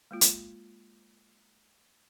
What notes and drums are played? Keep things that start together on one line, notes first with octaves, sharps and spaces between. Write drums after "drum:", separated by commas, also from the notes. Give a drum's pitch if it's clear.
G#3 A#3 F4
drum: hi-hat